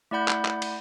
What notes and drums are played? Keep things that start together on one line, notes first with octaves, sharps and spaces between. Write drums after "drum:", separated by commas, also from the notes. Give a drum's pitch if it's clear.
A3 E4 D5 F#5 B5 G6
drum: clap
drum: clap
drum: cymbal